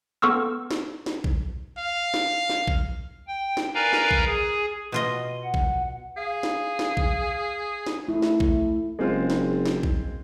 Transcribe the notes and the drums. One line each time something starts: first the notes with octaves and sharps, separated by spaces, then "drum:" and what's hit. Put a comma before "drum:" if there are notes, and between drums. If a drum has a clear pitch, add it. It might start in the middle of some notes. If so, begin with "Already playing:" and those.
B3 A4 C#6 E6 F6
drum: snare
drum: snare
drum: kick A#1
F5
drum: snare
drum: snare
drum: kick A#1
G5
drum: snare
A#4 B4 D5 F5 G#5 A#5
drum: snare
drum: kick A#1
G#4 G#5
B2 F4 D#5
F#5
drum: kick A#1
G#4 F5
drum: snare
drum: snare
drum: kick A#1
drum: snare
A3 E4
drum: snare
drum: kick A#1
F#1 G#3 C4 F4
drum: snare
drum: snare
drum: kick A#1